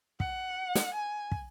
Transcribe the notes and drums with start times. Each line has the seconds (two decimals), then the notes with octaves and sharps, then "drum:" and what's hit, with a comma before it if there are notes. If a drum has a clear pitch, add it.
0.20 F#5, drum: kick
0.75 drum: snare
0.94 G#5
1.32 drum: kick